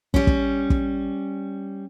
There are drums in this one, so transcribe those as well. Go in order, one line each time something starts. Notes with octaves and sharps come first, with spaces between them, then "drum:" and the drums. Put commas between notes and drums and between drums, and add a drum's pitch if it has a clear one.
G3 C#4, drum: kick
drum: kick
drum: kick